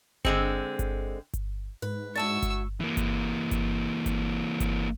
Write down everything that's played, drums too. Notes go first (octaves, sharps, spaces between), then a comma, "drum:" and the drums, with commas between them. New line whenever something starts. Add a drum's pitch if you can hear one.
D3 G#3 C4, drum: kick G1
drum: kick G1, hi-hat
drum: kick G1, hi-hat
G#2 B4
G#3 D4 E4 F#4 A5 C#6 E6 A6
drum: kick G1, hi-hat
E3 A#3
drum: kick G1, hi-hat
drum: kick G1, hi-hat
drum: kick G1, hi-hat
drum: kick G1, hi-hat